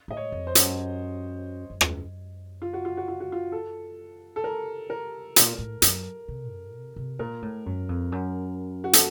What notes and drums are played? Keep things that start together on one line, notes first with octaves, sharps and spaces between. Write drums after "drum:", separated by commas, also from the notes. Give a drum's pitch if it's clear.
A2 D#5
C#5
F2
C5
F#2, drum: hi-hat
F#2
drum: rim click
F4
F#4
F4
F#4
F4
F#4
F4
A4
A4
A#4
A#4
A#2, drum: hi-hat
A2
F#2, drum: hi-hat
C3
F#2
C3
C3
A#2 A#4
A2
F#2
F2
F#2
F#4
A4, drum: hi-hat